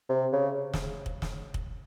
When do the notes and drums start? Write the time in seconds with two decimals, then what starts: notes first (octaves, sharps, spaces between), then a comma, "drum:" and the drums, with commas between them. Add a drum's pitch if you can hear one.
0.09 C3
0.33 C#3
0.74 drum: snare
1.06 drum: kick
1.22 drum: snare
1.54 drum: kick